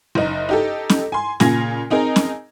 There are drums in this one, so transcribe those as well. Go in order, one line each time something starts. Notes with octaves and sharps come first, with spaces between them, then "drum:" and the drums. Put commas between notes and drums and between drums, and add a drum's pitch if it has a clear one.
F#1 D#4
D#4 G4 A4
drum: snare C#4
G#5 C6
A#2 C#3 F4 G#5 G#6 A#6, drum: snare C#4
C4 D#4 G#4 A#4
drum: snare C#4